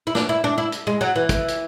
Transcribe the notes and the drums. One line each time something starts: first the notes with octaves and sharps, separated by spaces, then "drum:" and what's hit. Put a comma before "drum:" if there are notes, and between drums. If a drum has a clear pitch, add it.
E4
D4, drum: snare
E4
D4
E4
drum: hi-hat
G#3
F#3
E3
drum: kick, hi-hat
drum: hi-hat